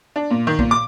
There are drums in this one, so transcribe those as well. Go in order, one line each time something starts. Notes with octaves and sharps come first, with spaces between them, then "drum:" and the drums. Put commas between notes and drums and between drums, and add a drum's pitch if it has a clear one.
D4
A#2
D#3
A#2, drum: kick
D6